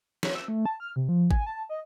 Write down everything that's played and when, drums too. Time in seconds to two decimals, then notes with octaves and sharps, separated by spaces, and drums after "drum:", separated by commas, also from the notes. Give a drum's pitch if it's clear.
0.23 C#5, drum: snare
0.35 E6
0.48 A3
0.66 A5
0.80 F6
0.96 C3
1.09 F3
1.31 G#5, drum: kick
1.46 A5
1.69 D#5